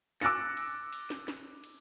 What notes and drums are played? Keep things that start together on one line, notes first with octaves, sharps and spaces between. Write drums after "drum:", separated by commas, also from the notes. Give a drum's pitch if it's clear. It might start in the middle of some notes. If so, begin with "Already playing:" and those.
D6 E6 F#6 A6 A#6 C#7, drum: snare
drum: cymbal
drum: cymbal
drum: snare
drum: snare
drum: cymbal